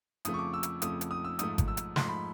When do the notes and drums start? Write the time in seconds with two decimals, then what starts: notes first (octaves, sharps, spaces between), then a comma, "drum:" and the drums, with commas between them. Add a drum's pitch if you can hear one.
0.25 F2 C#3 F3 A3 D#6, drum: hi-hat
0.34 C#6
0.39 D6
0.54 E6
0.63 drum: hi-hat
0.82 F2 C#3 F3 A3 D#6, drum: hi-hat
1.01 drum: hi-hat
1.11 D#6
1.25 E6
1.39 G#2 F3 A3 D#6, drum: hi-hat
1.58 drum: kick G#1, hi-hat
1.68 E6
1.77 drum: hi-hat
1.96 G#2 F3 A3 C6, drum: snare
2.09 B5